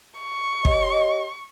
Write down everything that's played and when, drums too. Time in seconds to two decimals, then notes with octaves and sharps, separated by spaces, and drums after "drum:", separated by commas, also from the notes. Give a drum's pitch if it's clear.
0.19 C#6
0.65 G4 C#5 D#5, drum: kick